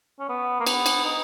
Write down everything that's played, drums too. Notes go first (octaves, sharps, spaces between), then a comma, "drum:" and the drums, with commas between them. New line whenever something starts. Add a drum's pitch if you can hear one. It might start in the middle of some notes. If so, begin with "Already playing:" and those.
C#4
B3
A#3
B3, drum: cymbal
drum: cymbal
D#4